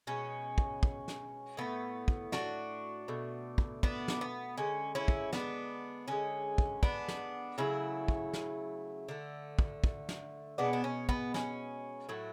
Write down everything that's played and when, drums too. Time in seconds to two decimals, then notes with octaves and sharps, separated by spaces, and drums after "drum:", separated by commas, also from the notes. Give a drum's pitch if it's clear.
0.07 B2 G#3 C#4
0.58 drum: kick
0.83 drum: kick
1.08 drum: snare
1.57 A2 E3 A3 B3
2.08 drum: kick
2.32 D4 F#4, drum: snare
3.08 B2 A3
3.58 drum: kick
3.83 B3 D4, drum: kick
4.08 drum: snare
4.21 B3
4.57 D3 G#3 C#4
4.95 C#4 E4
5.08 drum: kick
5.33 B3 D4, drum: snare
6.08 D3 G#3 C#4
6.58 drum: kick
6.83 B3 D4, drum: kick
7.08 drum: snare
7.58 C#3 F#3 A3 C#4 E4
8.08 drum: kick
8.33 drum: snare
9.08 D3 A3
9.59 drum: kick
9.84 drum: kick
10.09 drum: snare
10.58 B2 G#3 B3 D4
10.73 D4
10.84 C#4
11.09 B3, drum: kick
11.34 C#4, drum: snare
12.09 A2 F#3 A3